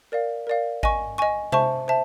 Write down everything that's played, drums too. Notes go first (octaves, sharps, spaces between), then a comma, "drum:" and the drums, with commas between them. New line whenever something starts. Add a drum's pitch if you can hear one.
A#4 D5 F5
A#4 D5 F5
D#5 G#5 C#6, drum: kick G#1
D#5 G#5 C#6
C5 E5 A5 C#6, drum: tom C3
C5 E5 A5